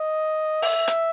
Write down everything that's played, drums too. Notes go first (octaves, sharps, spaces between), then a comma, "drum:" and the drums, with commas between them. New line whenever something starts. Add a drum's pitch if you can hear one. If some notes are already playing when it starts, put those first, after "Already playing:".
Already playing: D#5
E5, drum: open hi-hat
drum: hi-hat